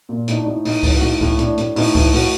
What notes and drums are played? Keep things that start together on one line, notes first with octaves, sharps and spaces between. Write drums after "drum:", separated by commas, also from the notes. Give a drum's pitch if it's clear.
A#2
A2 D#4, drum: hi-hat
D4
A2 D#4
A2 D#4, drum: open hi-hat
A2, drum: kick C#2, open hi-hat
F#4
A2 D#4
A2, drum: kick C#2
A2 D4, drum: hi-hat
A2, drum: hi-hat
A2 D#4, drum: open hi-hat
A2, drum: kick C#2, open hi-hat
A2 F#4, drum: open hi-hat